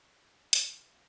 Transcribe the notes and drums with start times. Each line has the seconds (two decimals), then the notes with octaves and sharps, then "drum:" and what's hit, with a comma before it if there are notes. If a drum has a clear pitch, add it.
0.13 C#4
0.34 D#4
0.53 drum: hi-hat